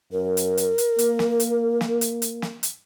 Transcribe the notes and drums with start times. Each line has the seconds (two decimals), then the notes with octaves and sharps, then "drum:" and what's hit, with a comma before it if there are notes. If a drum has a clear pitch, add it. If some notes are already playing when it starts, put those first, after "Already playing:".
0.13 F#2 A#4
0.37 drum: hi-hat
0.57 drum: hi-hat
0.78 drum: hi-hat
0.99 A#3, drum: hi-hat
1.19 drum: snare
1.40 drum: hi-hat
1.81 drum: snare
2.01 drum: hi-hat
2.22 drum: hi-hat
2.42 drum: snare
2.63 drum: hi-hat